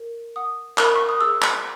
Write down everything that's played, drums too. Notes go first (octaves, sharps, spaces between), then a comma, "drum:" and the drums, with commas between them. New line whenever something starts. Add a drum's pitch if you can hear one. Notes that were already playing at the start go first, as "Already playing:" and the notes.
Already playing: A#4
F#5 D#6
A#4, drum: clap
B5
C#6
D#6
G#4 E6
drum: clap